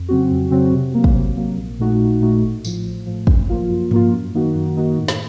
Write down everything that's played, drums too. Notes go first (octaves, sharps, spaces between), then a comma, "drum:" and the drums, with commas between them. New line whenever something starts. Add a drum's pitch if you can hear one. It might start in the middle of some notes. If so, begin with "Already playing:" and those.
Already playing: F2
C#3 F#3 C4 F#4
F2
C#3 F#3 C4 F#4
C3
F#3 A#3
drum: kick
C3
F#3 A#3
A#1
A#2 A3 D#4 F#4
A#1
A#2 A3 D#4 F#4
A1
A2 F3, drum: tambourine
A1
A2 F3
F#2, drum: kick
F3 A#3 F4
F#2
F3 A#3 F4, drum: tom G2
F#2
D#3 A#3 D#4 F#4
F#2
D#3 A#3 D#4 F#4
A2
drum: snare